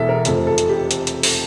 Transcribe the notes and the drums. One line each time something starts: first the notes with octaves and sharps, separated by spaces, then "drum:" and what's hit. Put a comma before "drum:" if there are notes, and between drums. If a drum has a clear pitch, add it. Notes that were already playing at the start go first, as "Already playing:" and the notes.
Already playing: E1 E2 E3 A4 E5
A#4
F1 F2 C3 F3 A4, drum: hi-hat
A4
drum: hi-hat
G4
drum: hi-hat
drum: hi-hat
drum: open hi-hat